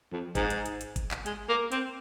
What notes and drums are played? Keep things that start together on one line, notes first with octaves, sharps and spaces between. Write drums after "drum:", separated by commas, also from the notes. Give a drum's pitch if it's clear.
F2
G#2, drum: kick G1, hi-hat
drum: hi-hat
drum: hi-hat
drum: hi-hat
drum: kick G1, hi-hat
drum: clap
G#3, drum: hi-hat
A#3
C4, drum: hi-hat